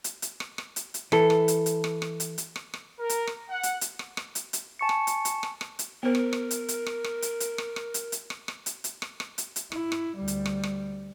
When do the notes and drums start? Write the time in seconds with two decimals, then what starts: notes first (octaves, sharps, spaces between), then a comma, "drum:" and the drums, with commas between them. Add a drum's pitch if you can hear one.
0.04 drum: hi-hat
0.22 drum: hi-hat
0.40 drum: rim click
0.58 drum: rim click
0.76 drum: hi-hat
0.94 drum: hi-hat
1.12 E3 A4, drum: rim click
1.30 drum: rim click
1.48 drum: hi-hat
1.66 drum: hi-hat
1.84 drum: rim click
2.02 drum: rim click
2.20 drum: hi-hat
2.38 drum: hi-hat
2.56 drum: rim click
2.74 drum: rim click
2.99 A#4
3.09 drum: hi-hat
3.27 drum: rim click
3.49 F#5
3.63 drum: hi-hat
3.81 drum: hi-hat
3.99 drum: rim click
4.17 drum: rim click
4.35 drum: hi-hat
4.53 drum: hi-hat
4.79 G#5 A5 C#6 C#7
4.89 drum: rim click
5.07 drum: hi-hat
5.25 drum: hi-hat
5.43 drum: rim click
5.61 drum: rim click
5.79 drum: hi-hat
6.03 B3 A#4 C5
6.15 drum: rim click
6.33 drum: rim click
6.51 drum: hi-hat
6.69 drum: hi-hat
6.86 drum: rim click
7.04 drum: rim click
7.22 drum: hi-hat
7.40 drum: hi-hat
7.58 drum: rim click
7.76 drum: rim click
7.94 drum: hi-hat
8.12 drum: hi-hat
8.30 drum: rim click
8.48 drum: rim click
8.66 drum: hi-hat
8.84 drum: hi-hat
9.02 drum: rim click
9.20 drum: rim click
9.38 drum: hi-hat
9.56 drum: hi-hat
9.72 E4, drum: rim click
9.92 drum: rim click
10.16 D2 G3
10.28 drum: hi-hat
10.46 drum: rim click
10.63 drum: rim click